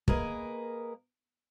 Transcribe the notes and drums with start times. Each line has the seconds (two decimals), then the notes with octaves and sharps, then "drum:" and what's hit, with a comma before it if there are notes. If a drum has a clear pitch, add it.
0.08 A#3 G#4 A#4 B4 D#5, drum: kick